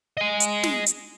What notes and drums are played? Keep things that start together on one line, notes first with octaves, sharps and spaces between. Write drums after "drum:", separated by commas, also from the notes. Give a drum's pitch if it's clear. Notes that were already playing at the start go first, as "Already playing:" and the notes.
D#5 G#5
drum: hi-hat
drum: snare
drum: hi-hat